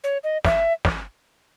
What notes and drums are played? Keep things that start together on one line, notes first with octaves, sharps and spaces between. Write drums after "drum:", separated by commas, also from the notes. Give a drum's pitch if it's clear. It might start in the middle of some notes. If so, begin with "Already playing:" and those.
C#5
D#5
E5, drum: snare
drum: snare